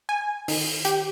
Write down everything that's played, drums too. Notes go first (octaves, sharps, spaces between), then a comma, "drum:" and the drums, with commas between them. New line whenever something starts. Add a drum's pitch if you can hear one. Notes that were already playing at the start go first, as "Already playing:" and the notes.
G#5
D#3, drum: open hi-hat
G4, drum: hi-hat